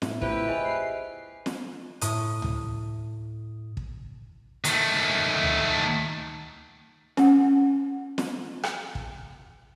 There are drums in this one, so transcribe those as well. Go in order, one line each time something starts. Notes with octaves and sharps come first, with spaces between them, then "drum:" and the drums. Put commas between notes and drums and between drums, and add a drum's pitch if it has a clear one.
A2 E5, drum: snare
E4 F4 G4 B4 C5, drum: kick
G#4 C5 D#5 E5 G#5
C7
drum: snare
A2 D#6, drum: hi-hat
drum: tom C#2
drum: kick
D#3 A3, drum: hi-hat
drum: tom C#2
C#4 F#5, drum: snare
drum: snare
drum: rim click
drum: kick